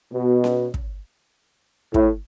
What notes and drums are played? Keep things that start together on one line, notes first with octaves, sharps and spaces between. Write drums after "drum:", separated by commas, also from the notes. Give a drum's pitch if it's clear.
B2
drum: snare C#4
drum: kick
A2, drum: kick